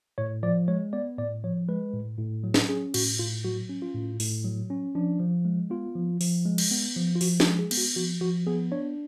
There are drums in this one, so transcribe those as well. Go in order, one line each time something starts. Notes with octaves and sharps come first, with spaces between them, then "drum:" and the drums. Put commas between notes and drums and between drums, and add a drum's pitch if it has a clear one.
A2 C#5
F3 D5
G#3 C#5
B3 D5
A2 D5
F3 C#5
G#3 B4
A2
A2
F#3
drum: snare
C#4 G#4
A2 F#4, drum: cymbal
A2 F4
F#3 F#4
C#4
F4
A2
A2, drum: open hi-hat
F#3
C#4
F3 D4
F3
G#3
B3 F4
F3
F3, drum: open hi-hat
G#3
drum: cymbal
B3
F3
F4
F3 F#4, drum: open hi-hat
F#4, drum: snare
G#3
G#4
B3, drum: cymbal
F#4
F3 F#4
F3 F#4
B3 G#4
D4 C#5